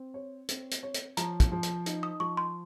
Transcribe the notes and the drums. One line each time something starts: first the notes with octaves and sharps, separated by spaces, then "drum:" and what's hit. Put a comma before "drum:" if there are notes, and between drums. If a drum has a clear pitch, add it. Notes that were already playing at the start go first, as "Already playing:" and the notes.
Already playing: C4
C#5
C4, drum: hi-hat
drum: hi-hat
C#5
drum: hi-hat
F3 A#5, drum: hi-hat
drum: kick, hi-hat
F3
drum: hi-hat
D#4, drum: hi-hat
D#6
F3 C#6
C6